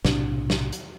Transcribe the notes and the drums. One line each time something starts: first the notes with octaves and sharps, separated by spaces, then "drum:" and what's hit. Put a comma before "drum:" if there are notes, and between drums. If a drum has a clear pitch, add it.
B1 A2 C3 D4, drum: snare
drum: snare
drum: hi-hat